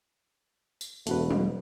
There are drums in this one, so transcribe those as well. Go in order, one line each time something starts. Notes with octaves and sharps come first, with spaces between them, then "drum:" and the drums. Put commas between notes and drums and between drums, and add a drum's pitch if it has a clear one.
drum: tambourine
E1 A3 F#4 B4, drum: hi-hat
drum: tom F#3